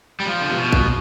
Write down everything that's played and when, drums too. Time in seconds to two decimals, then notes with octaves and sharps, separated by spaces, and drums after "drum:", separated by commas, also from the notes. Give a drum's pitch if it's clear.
0.20 G3
0.27 F3
0.42 D3
0.49 C3
0.56 B2
0.72 drum: kick A#1